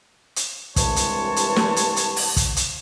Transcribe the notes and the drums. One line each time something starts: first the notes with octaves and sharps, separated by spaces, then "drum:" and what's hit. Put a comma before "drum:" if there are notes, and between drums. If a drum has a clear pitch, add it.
drum: hi-hat
C2 G2 E3 G#3 C#5 A5, drum: kick, hi-hat
drum: hi-hat
drum: hi-hat
drum: snare
drum: hi-hat
drum: hi-hat
drum: open hi-hat
drum: kick, hi-hat
drum: hi-hat